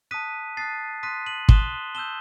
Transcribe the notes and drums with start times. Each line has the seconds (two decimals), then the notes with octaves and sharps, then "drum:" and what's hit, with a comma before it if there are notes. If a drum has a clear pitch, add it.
0.11 A5 D#6 F#6 B6 D#7
0.57 A5 D#6 F#6 A6 C7
1.03 C6 D#6 F#6 B6 D#7
1.26 D#7 F#7
1.49 C6 D#6 F#6 E7 G7, drum: kick
1.95 A5 E6 G6 E7 G7